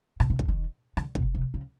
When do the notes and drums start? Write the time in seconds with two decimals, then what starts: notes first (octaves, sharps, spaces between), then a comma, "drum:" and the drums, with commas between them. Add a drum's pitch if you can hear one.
0.20 B2, drum: rim click
0.30 C3
0.39 D3, drum: kick
0.48 D#3
0.97 D3, drum: rim click
1.15 B2, drum: kick
1.35 C3
1.54 C#3